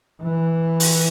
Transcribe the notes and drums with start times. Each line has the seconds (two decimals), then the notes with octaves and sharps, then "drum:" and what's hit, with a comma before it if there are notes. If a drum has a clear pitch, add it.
0.22 E3
0.80 drum: open hi-hat